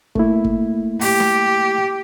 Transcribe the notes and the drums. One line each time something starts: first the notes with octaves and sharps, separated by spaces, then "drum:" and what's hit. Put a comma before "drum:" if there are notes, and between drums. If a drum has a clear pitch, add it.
A3 A#3 E4, drum: kick
drum: kick
G4, drum: open hi-hat
drum: snare